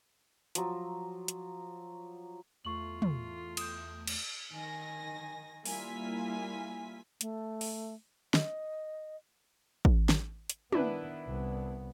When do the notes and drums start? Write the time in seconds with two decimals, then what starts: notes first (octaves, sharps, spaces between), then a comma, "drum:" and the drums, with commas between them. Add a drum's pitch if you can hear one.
0.55 F3 F#3, drum: hi-hat
1.28 drum: hi-hat
2.65 E2 A3 F4 C#6 F#7
3.02 drum: tom
3.57 D#6 G6, drum: cymbal
4.07 drum: cymbal
4.52 D#3 G#5 A#6
5.66 G3 A#3 E4 F4 G#5 B6, drum: open hi-hat
7.21 A3, drum: hi-hat
7.61 drum: open hi-hat
8.34 D#5, drum: snare
9.85 drum: kick
10.09 drum: snare
10.50 drum: hi-hat
10.72 D#3 B3 D4 E4 B4, drum: tom
11.27 C2 B3